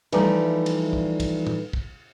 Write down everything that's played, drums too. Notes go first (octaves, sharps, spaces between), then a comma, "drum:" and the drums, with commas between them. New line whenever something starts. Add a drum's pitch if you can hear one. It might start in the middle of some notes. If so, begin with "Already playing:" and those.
E3 F3 G3 A3 D#4 D5, drum: cymbal
drum: cymbal
drum: kick
drum: kick, cymbal
drum: tom A2
drum: kick